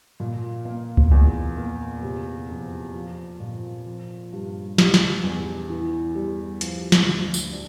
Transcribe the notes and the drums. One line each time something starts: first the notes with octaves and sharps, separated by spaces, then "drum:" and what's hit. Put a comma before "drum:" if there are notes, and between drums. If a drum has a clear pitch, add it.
A#2
A#3
drum: kick C#2
E2
A#3
C3
F2
F3
A#2
F3
G2
G3, drum: snare
drum: snare
E2
E3
G3
F3, drum: hi-hat
drum: snare
D2
drum: tambourine
D4